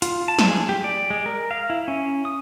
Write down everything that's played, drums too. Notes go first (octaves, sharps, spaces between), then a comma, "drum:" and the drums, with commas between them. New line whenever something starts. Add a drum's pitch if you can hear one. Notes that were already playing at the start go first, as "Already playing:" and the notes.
F4, drum: hi-hat
A5
drum: snare
G#4
G4
D5
G#3
A#4
F5
E4
C#4
D#6